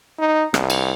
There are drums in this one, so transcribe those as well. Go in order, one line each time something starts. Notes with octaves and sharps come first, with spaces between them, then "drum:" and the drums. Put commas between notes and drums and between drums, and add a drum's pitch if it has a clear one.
D#4
C2, drum: rim click
drum: cymbal